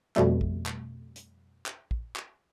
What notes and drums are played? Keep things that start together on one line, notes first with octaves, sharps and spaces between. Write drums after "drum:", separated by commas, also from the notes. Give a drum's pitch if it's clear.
F2 B2 G3 A3, drum: clap
drum: kick
drum: clap
drum: hi-hat
drum: clap
drum: kick
drum: clap